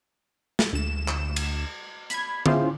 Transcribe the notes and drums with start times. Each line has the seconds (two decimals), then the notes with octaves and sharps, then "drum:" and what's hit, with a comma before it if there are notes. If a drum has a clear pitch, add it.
0.59 drum: snare
0.73 D2 E7
1.08 drum: clap
1.36 drum: cymbal
2.10 B5 G#6, drum: hi-hat
2.46 C#4 E4 F4 G#4 C5, drum: tom D3